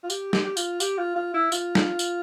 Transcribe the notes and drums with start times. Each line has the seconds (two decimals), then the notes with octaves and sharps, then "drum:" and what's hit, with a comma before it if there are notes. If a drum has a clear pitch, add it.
0.03 F4
0.10 G4, drum: tambourine
0.33 G4, drum: snare
0.45 G4
0.57 F4, drum: tambourine
0.80 G4, drum: tambourine
0.98 F4
1.16 F4
1.34 E4
1.52 F4, drum: tambourine
1.75 drum: snare
1.99 drum: tambourine